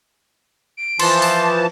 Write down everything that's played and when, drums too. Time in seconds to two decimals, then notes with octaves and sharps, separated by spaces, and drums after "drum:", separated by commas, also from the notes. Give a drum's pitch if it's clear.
0.77 D7
1.00 E3 F3 A5 C6, drum: cymbal
1.22 drum: open hi-hat